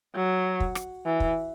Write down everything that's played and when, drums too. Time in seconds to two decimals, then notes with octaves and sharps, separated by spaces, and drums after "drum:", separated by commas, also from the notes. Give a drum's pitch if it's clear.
0.15 F#3
0.60 drum: kick
0.75 drum: rim click
1.06 E3
1.20 drum: kick